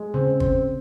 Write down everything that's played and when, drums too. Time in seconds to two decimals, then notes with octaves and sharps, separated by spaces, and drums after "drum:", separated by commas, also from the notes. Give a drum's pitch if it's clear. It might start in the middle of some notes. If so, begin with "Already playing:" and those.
Already playing: G#3
0.14 C#3 C4
0.40 C4, drum: kick